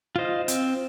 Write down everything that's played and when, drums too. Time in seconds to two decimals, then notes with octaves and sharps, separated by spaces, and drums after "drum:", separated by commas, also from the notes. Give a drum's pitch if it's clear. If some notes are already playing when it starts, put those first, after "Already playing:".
0.16 F4 C5 D#5
0.48 C4, drum: hi-hat